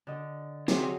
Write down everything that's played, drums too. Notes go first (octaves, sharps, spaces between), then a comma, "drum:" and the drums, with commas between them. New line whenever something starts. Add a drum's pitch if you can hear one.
D3 D#5
C3 F#3 G#4, drum: snare